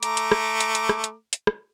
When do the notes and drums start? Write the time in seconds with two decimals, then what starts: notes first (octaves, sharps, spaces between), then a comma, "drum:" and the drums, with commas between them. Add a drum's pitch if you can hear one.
0.03 A3 A#5 D6, drum: hi-hat
0.17 drum: hi-hat
0.32 drum: rim click
0.60 drum: hi-hat
0.75 drum: hi-hat
0.89 drum: rim click
1.04 drum: hi-hat
1.33 drum: hi-hat
1.47 drum: rim click